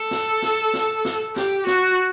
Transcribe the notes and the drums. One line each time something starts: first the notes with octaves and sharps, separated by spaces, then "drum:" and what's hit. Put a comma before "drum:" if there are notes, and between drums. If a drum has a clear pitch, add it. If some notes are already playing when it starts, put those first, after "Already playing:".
Already playing: A4
drum: snare
drum: snare
drum: snare
drum: snare
G4, drum: snare
F#4, drum: snare